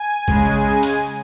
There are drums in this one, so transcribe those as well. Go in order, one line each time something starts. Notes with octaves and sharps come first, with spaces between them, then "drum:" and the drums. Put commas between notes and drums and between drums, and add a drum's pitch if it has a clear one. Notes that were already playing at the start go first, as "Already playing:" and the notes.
Already playing: G#5
C#3 G#3, drum: kick A#1
drum: hi-hat